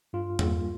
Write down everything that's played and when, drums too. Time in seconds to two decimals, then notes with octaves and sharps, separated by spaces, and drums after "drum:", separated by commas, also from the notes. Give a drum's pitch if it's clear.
0.13 G2 F4
0.39 G3 A#3, drum: tom E2